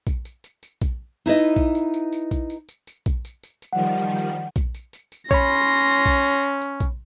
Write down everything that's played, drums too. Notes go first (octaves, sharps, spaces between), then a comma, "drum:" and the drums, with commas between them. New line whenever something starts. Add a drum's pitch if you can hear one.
drum: kick A#1, tambourine
drum: tambourine
drum: tambourine
drum: tambourine
drum: kick A#1, tambourine
D#4 E4 B4 D#5
drum: tambourine
drum: kick A#1, tambourine
drum: tambourine
drum: tambourine
drum: tambourine
drum: kick A#1, tambourine
drum: tambourine
drum: tambourine
drum: tambourine
drum: kick A#1, tambourine
drum: tambourine
drum: tambourine
drum: tambourine
D#3 F3 G3 F#5
drum: tambourine
drum: tambourine
drum: kick A#1, tambourine
drum: tambourine
drum: tambourine
drum: tambourine
C#4 C#5 B5 C6 A#6, drum: kick A#1, tambourine
drum: tambourine
drum: tambourine
drum: tambourine
drum: kick A#1, tambourine
drum: tambourine
drum: tambourine
drum: tambourine
drum: kick A#1, tambourine